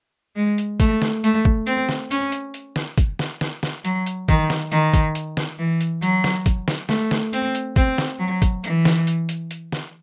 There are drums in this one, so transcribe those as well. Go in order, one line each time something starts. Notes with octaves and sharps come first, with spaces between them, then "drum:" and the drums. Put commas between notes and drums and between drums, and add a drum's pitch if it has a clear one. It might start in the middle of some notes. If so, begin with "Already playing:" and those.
G#3
drum: hi-hat
A3, drum: kick, hi-hat
drum: snare
A3, drum: hi-hat
drum: kick
C4, drum: hi-hat
drum: snare
C#4, drum: hi-hat
drum: hi-hat
drum: hi-hat
drum: snare
drum: kick, hi-hat
drum: snare
drum: snare
drum: snare
F#3, drum: hi-hat
drum: hi-hat
D#3, drum: kick, hi-hat
drum: snare
D#3, drum: hi-hat
drum: kick, hi-hat
drum: hi-hat
drum: snare
E3
drum: hi-hat
F#3, drum: hi-hat
drum: snare
drum: kick, hi-hat
drum: snare
A3, drum: snare
drum: snare
C4, drum: hi-hat
drum: hi-hat
C4, drum: kick, hi-hat
drum: snare
F#3
drum: kick, hi-hat
E3, drum: hi-hat
drum: snare
drum: hi-hat
drum: hi-hat
drum: hi-hat
drum: snare